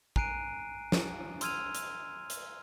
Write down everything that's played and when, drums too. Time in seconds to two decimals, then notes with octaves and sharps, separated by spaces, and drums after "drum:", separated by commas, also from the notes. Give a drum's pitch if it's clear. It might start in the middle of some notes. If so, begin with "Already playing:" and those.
0.16 G#5 A#5 F#6 C7 D7 D#7, drum: kick
0.92 drum: snare
1.41 C6 E6 F6 G#6 D#7 F7, drum: hi-hat
1.75 drum: hi-hat
2.30 drum: hi-hat